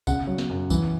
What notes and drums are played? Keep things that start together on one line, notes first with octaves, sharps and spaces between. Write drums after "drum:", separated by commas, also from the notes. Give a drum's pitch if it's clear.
C#3 F#5, drum: kick B1, tambourine
F#3
drum: snare
F#2
E3, drum: kick B1, tambourine